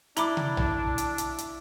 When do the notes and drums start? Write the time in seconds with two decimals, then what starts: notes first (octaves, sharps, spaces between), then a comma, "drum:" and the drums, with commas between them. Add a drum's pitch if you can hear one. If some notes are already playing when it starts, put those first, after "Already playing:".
0.17 D4 E4 A#5 B5 D6, drum: hi-hat
0.37 drum: tom
0.57 drum: tom A#1
0.98 drum: hi-hat
1.18 drum: hi-hat
1.38 drum: hi-hat